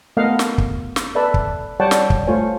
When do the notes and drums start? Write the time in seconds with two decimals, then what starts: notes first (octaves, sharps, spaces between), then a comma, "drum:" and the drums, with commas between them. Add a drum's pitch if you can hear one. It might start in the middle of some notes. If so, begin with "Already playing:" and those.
0.17 A3 B3 A#4 D#5 F5 F#5
0.39 drum: snare
0.58 drum: kick
0.96 drum: snare
1.15 A4 B4 D5 E5 A5 B5
1.34 drum: kick
1.80 G3 C#5 D5 F#5 G5 A5
1.91 drum: snare
2.10 drum: kick
2.27 A3 F4 C5 C#5 G#5